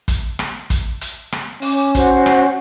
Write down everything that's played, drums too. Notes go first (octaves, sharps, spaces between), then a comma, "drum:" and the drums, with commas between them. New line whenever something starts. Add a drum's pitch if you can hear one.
drum: kick, hi-hat
drum: rim click
drum: kick, hi-hat
drum: hi-hat
drum: rim click
C#4 D6, drum: open hi-hat
F#4 C5, drum: kick, hi-hat
drum: rim click